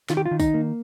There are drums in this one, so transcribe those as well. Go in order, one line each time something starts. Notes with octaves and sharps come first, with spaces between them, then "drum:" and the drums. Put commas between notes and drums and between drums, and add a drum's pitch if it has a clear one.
D#3 F4, drum: snare
G4
F4
D#3
D#4, drum: kick A#1, tambourine
A#3